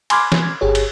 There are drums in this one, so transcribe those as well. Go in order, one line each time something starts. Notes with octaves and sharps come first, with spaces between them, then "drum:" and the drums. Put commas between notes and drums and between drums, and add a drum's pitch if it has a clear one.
G#5 B5 C6 D6 F6 G#6, drum: cymbal
drum: snare E3
G1 G4 G#4 C#5
drum: cymbal